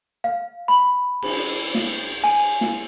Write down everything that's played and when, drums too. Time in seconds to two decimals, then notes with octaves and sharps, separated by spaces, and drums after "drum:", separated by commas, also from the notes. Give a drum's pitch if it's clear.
0.24 F5
0.68 B5
1.22 drum: cymbal
1.75 drum: snare
2.24 G#5
2.61 drum: snare